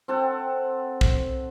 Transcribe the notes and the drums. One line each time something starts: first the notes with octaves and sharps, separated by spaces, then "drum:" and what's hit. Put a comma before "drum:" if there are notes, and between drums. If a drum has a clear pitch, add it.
C4 A4 F#5
drum: kick